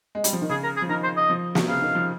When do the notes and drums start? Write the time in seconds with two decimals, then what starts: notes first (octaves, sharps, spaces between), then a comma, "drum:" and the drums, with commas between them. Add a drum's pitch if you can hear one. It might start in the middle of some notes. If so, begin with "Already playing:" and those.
0.15 G#3
0.24 G3, drum: hi-hat
0.33 F3
0.42 D#3
0.49 C#3 G#4
0.63 A#4
0.76 G#4
0.82 F3
0.89 D#3 A#4
1.03 C5
1.17 D#5
1.30 F3
1.55 C3, drum: snare
1.68 C#3 F5
1.82 D#3
1.95 F3